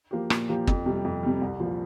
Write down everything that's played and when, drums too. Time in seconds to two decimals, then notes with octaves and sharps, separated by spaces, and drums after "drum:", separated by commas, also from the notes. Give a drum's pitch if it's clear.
0.11 F3 A#3 G4
0.30 A#2, drum: rim click
0.49 F3 A#3 G4
0.67 F2, drum: kick
0.86 C3 G3
1.04 F2
1.23 C3 G3
1.41 C2
1.60 A#2 F3 A#3